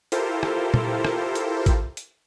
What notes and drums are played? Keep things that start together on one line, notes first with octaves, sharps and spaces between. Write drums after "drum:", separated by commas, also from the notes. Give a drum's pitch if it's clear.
E4 F4 G4 A4 A#4 C5, drum: hi-hat
drum: rim click
drum: tom A#2
drum: rim click
drum: hi-hat
drum: kick, hi-hat
drum: hi-hat